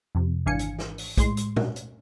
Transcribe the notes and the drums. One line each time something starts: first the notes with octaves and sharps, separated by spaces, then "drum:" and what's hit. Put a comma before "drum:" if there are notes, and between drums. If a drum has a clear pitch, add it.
F2 C3
G#1 E3 D4 F5 G#5 C#7
drum: hi-hat
drum: snare
drum: open hi-hat
A2 G#3 C6, drum: kick, hi-hat
drum: hi-hat
drum: tom A#2
drum: hi-hat